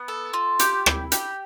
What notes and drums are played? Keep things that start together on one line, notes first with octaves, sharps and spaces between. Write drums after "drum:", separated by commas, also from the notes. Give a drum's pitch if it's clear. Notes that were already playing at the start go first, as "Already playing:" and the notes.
Already playing: B3
A4
F4
G4, drum: hi-hat
E4, drum: rim click
G4, drum: hi-hat